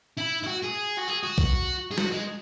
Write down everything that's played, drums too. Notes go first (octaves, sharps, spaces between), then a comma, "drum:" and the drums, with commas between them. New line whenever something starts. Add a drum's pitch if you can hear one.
E4
E4
F#4
G#4
F#4
G#4
F#4
drum: kick B1
G#4
F#4, drum: snare
G#3